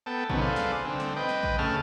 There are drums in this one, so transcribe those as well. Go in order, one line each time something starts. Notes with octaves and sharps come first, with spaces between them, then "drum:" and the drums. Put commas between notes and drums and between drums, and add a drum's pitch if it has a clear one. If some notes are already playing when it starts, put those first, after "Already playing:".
B3 A4 G5 A5
C3 D#3 F#3 B3 C#4, drum: kick A1
G#4 A4 B4 C5 D5 F5
drum: snare
D3 C4
drum: snare
B4 D#5 G5
drum: snare
drum: kick A1
C#3 A3 G#4 A5 F6